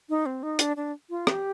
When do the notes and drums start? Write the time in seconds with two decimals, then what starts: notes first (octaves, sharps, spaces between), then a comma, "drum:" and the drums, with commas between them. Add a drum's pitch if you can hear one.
0.09 D#4
0.26 C4
0.43 D#4
0.59 D4, drum: hi-hat
0.77 D4
1.10 F4
1.27 G4, drum: rim click